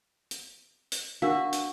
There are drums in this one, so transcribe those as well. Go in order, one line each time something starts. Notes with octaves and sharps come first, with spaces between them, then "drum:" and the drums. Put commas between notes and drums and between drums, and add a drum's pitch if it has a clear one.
drum: hi-hat
drum: hi-hat
D4 F#4 A#4 F5
drum: hi-hat